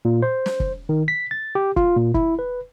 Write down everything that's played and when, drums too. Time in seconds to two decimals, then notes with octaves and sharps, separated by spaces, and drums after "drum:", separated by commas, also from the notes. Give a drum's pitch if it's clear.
0.05 A#2
0.22 C5
0.46 drum: snare
0.60 drum: kick
0.89 D#3
1.08 B6
1.31 A6
1.55 G4
1.76 F4, drum: kick
1.97 A#2
2.14 E4, drum: kick
2.39 B4